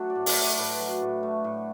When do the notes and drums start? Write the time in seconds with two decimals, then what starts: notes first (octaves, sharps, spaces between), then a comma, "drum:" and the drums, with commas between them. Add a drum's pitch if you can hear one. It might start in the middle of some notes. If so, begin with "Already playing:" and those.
Already playing: F#3 A3 D4 F#4 A4
0.10 D5
0.15 A2
0.26 D5, drum: open hi-hat
0.37 A3
0.43 D5
0.58 A2 B4
0.80 F#3
1.02 A2
1.23 A3
1.44 A2